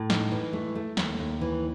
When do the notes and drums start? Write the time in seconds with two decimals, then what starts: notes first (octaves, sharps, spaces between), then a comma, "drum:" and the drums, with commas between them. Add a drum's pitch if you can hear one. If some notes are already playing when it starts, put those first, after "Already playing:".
Already playing: A2
0.10 D#4, drum: snare
0.31 E3
0.53 A3
0.75 A3
0.97 D#2, drum: snare
1.19 D#2
1.41 E3